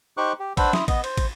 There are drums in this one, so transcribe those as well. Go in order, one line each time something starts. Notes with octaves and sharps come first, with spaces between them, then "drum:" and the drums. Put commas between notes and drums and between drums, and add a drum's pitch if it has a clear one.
D#4 G4 C5 C#6 D6 F#6
G4
D4 B4 C5 F#5 E6, drum: kick, cymbal
E4 E5 C6 D#6, drum: snare
B3 D#5, drum: kick, cymbal
C5, drum: cymbal
drum: kick, cymbal